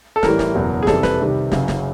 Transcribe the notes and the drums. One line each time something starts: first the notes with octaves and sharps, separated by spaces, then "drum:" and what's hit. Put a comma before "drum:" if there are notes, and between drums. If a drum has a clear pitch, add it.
A4
A1 A2 E3 G3 A#4, drum: snare
drum: snare
F#1 E2 B2 F#3
G#4
F2 C3 E3 G3 A4, drum: snare
B4, drum: snare
C2 C3 D#3 G3
F#1 F#2 C#3 F#3, drum: snare
drum: snare